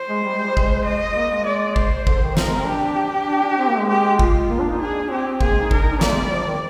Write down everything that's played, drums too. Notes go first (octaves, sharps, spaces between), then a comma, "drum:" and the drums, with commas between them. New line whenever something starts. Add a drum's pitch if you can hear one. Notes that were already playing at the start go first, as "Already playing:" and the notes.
Already playing: C5
G#3
G3
G#3
G3
G#3, drum: kick G#1
D#5
A#3
G#3
G#3 D5
C5, drum: kick G#1
D3, drum: kick G#1
D#3
F3 A#4, drum: snare
G#3
C4
D4 G4
D4
D4
C4
A#3
G#3
G4
F4, drum: kick G#1
A#3
D4
D#4
D4 G#4
D4
C4 G4
C4
A#3 G#4, drum: kick G#1
G#3
D#4
D4 A#4, drum: kick G#1
D#4
D4
A#3 D5, drum: snare
G#3
G3
F3
D#3